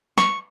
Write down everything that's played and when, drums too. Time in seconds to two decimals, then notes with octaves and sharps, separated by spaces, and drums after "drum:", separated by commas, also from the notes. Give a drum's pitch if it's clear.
0.18 C#6, drum: snare